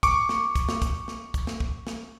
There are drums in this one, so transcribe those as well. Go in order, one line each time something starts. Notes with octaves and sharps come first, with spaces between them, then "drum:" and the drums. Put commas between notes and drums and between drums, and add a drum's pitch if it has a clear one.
C#6 D6, drum: kick, hi-hat
drum: snare
drum: kick, hi-hat
drum: snare
drum: kick, hi-hat
drum: snare
drum: kick, hi-hat
drum: snare
drum: kick
drum: snare